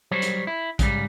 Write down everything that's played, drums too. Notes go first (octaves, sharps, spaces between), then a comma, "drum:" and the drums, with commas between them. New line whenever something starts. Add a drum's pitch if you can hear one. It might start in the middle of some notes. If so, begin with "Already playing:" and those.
F#3 G3 C5 C#5
drum: hi-hat
E4
G#2 C#3 G3, drum: kick A#1, hi-hat